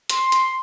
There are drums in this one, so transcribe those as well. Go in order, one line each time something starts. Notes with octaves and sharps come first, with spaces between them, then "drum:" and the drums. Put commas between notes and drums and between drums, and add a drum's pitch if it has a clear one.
C6, drum: hi-hat
drum: hi-hat